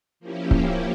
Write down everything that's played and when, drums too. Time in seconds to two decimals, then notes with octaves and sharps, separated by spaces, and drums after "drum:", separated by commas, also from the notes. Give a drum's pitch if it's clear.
0.20 F3 A#3 C#4 E4 G4
0.51 drum: kick C#1